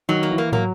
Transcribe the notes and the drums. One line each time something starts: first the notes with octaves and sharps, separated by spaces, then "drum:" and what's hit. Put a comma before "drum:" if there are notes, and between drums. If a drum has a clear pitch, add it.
D#3 F#3
A#3
E3
A#3
F#3 A#3, drum: tom